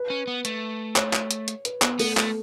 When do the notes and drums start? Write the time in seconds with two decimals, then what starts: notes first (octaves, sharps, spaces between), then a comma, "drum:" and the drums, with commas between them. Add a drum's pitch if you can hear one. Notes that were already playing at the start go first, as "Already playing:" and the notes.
Already playing: B4
0.10 C#4
0.27 B3
0.45 A3, drum: hi-hat
0.96 C#5, drum: clap
1.13 drum: clap
1.31 drum: hi-hat
1.48 drum: hi-hat
1.65 B4, drum: hi-hat
1.82 B3, drum: clap
1.99 A3 B3, drum: open hi-hat
2.17 A3, drum: clap